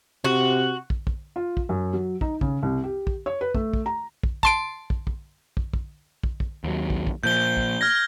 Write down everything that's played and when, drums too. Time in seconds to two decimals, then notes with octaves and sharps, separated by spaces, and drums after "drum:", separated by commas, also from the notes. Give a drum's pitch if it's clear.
0.24 C3 F#4
0.90 drum: kick
1.07 drum: kick
1.36 F4
1.57 drum: kick
1.69 F#2
1.93 F#3
2.21 D#4, drum: kick
2.41 C#3, drum: kick
2.63 C2
2.84 G4
3.07 drum: kick
3.26 C#5
3.41 B4
3.55 A3, drum: kick
3.73 drum: kick
3.86 A#5
4.23 drum: kick
4.43 A5 C6 D7, drum: kick
4.90 drum: kick
5.07 drum: kick
5.57 drum: kick
5.73 drum: kick
6.23 drum: kick
6.40 drum: kick
6.64 D#2 F#3
6.90 drum: kick
7.07 drum: kick
7.24 A#2 F3 G6 G7
7.57 drum: kick
7.81 F6 G#6 A#6